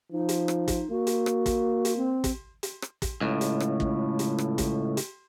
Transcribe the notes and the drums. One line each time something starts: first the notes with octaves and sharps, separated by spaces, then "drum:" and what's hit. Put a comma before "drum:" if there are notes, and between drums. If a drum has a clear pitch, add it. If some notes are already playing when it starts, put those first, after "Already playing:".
F3 D#4
drum: hi-hat
drum: rim click
drum: kick, hi-hat
A#3 F#4
drum: hi-hat
drum: rim click
drum: kick, hi-hat
drum: hi-hat
C4
drum: kick, hi-hat
drum: hi-hat
drum: rim click
drum: kick, hi-hat
C#2 A2
drum: hi-hat
drum: rim click
drum: kick
drum: hi-hat
drum: rim click
drum: kick, hi-hat
drum: hi-hat